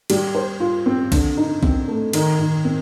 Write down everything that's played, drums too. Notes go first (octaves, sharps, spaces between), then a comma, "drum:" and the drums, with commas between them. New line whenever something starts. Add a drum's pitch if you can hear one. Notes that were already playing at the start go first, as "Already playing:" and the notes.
G3, drum: cymbal
C5
F4
C4
D3, drum: kick B1, cymbal
D#4
C4, drum: kick B1
A3
D#3, drum: cymbal
D#3
C4